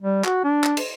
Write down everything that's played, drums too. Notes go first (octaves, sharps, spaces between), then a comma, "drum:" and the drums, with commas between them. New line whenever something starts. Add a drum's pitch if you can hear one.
G3
F#4, drum: clap
D4
drum: clap
drum: cymbal